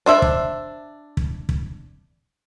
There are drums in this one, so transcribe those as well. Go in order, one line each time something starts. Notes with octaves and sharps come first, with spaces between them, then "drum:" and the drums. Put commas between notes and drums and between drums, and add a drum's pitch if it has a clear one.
D4 C5 E5
drum: kick
drum: kick
drum: kick